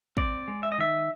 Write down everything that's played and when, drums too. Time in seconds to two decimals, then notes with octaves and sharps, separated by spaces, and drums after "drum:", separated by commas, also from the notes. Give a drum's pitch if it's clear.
0.17 C4 D5, drum: kick
0.48 G#3
0.63 E5
0.72 D#5
0.78 D#3 E5